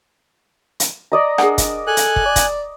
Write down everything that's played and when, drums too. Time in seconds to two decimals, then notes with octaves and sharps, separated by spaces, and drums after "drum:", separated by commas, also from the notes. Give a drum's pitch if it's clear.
0.80 drum: hi-hat
1.12 D5 D#5 A#5
1.38 D4 G#4 A#4 F#5, drum: rim click
1.58 drum: kick, hi-hat
1.87 A4 G#5 F#6
1.97 drum: hi-hat
2.16 drum: kick
2.26 D5
2.36 drum: kick, hi-hat